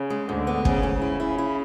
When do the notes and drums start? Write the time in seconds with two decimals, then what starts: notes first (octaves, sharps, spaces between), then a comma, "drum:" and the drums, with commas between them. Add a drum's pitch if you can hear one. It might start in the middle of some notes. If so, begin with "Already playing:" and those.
Already playing: C#3
0.10 G#3
0.29 D2 G#2 D3
0.47 B3
0.65 G#2 C#3, drum: kick
0.83 G#2
1.01 C#3 E4
1.20 E4
1.38 E4